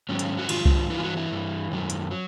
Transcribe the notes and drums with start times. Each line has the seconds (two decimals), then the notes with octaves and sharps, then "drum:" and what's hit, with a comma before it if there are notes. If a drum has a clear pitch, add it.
0.09 G#2 D#3 F#3 C#4
0.19 drum: hi-hat
0.38 F#4
0.49 G#2 D#3 F#3 F4, drum: cymbal
0.65 drum: kick C2
0.90 G2 E3 E4
0.97 F4
1.03 F#4
1.17 E4
1.30 G2 E3
1.71 F#2 D#3 F#3
1.90 drum: hi-hat
2.11 F#3